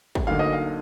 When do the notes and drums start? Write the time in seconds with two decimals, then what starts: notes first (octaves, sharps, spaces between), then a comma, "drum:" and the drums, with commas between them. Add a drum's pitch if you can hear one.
0.15 drum: kick
0.27 D2 D3 F#3 A#3 D#4 F5
0.39 D#5
0.53 F5